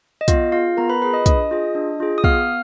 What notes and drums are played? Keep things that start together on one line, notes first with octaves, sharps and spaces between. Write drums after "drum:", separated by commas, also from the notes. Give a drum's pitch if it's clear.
D#5
B3 F4 F5, drum: kick, hi-hat
F4 G#4 F5
B3 A#4 A#5
B4 B5
F4 G#4 B4 B5
D#5 D#6
D4 D#5 D#6, drum: kick, hi-hat
F4 G#4
D4
F4 G#4
D#6
B3 F5 F6, drum: kick